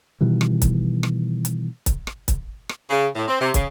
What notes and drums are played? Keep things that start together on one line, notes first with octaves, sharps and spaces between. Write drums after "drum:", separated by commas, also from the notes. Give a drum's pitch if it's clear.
B2 D#3 E3 G3
drum: rim click
drum: kick, hi-hat
drum: rim click
drum: hi-hat
drum: kick, hi-hat
drum: rim click
drum: kick, hi-hat
drum: rim click
C#3
A2
C4
C3
C#3, drum: kick, hi-hat